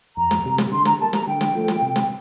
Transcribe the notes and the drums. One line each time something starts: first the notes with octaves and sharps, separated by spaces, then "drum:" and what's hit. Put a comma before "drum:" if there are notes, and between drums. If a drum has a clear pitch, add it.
F2 A#5
drum: snare
C3 G3
drum: snare
D3 C6
A#5, drum: snare
G3 A#3 A5
A#5, drum: snare
D3 G5
drum: snare
F3 A3
drum: snare
C3
drum: snare